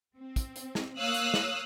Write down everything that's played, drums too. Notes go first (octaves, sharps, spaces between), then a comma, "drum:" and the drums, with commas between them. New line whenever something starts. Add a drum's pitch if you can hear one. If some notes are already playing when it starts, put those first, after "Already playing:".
C4
drum: kick, hi-hat
drum: hi-hat
drum: snare
A#3 C#5 F5 D#6 E6 F#6
drum: hi-hat
drum: snare